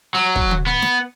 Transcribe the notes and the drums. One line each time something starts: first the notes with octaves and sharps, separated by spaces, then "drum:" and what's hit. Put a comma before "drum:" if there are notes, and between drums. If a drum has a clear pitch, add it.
F#3
drum: kick
drum: tom D3
B3
drum: snare